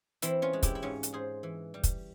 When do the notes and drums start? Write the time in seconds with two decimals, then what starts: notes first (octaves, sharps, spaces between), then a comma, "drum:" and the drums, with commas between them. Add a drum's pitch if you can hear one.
0.22 E3 C4 E4, drum: hi-hat
0.42 C#4 F4
0.53 G#3
0.63 E4 G4, drum: kick, hi-hat
0.75 E4
0.82 G#2 C#4 F4
1.03 drum: hi-hat
1.13 G#2 G#4 C5
1.43 E3
1.74 G3
1.84 drum: kick, hi-hat